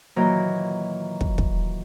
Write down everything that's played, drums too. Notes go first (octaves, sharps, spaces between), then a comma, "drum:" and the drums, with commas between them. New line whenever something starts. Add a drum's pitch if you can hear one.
A#2 D#3 E3 F#3 A#3 A#5
drum: kick
drum: kick